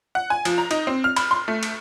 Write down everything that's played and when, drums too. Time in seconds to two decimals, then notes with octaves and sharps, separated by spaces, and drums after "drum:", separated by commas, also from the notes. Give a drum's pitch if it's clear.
0.15 F#5
0.30 G#5
0.45 F3, drum: cymbal
0.58 A#5
0.71 D#4, drum: cymbal
0.87 C4
1.04 F6
1.16 B5, drum: cymbal
1.31 C6
1.48 A3
1.63 drum: cymbal